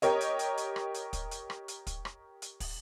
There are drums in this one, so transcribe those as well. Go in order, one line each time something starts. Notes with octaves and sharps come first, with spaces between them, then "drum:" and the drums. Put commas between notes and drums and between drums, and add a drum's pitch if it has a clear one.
G4 A#4 C#5 D#5, drum: hi-hat
drum: hi-hat
drum: hi-hat
drum: hi-hat
drum: rim click
drum: hi-hat
drum: kick, hi-hat
drum: hi-hat
drum: rim click
drum: hi-hat
drum: kick, hi-hat
drum: rim click
drum: hi-hat
drum: kick, open hi-hat